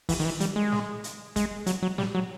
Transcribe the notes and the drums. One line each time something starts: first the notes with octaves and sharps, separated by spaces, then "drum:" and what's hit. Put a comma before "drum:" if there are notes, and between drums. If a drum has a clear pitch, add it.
E3, drum: kick, open hi-hat
D#3
E3
G3, drum: hi-hat
G#3
drum: snare
drum: hi-hat
G#3, drum: kick, hi-hat
F#3, drum: hi-hat
F#3
G3, drum: snare
F#3